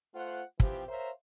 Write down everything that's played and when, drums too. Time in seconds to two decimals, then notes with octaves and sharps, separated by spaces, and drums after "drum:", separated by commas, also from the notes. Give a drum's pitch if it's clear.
0.14 A3 F4 C5 F#5
0.60 E3 F3 C4 G4, drum: kick
0.88 A#4 C5 C#5 E5 F5 A#5